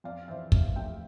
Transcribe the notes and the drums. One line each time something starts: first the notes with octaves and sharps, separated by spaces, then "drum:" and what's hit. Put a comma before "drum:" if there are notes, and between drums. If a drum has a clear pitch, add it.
F2 D5 F5
E3 C5 E5
F2, drum: kick
A3 E5 G5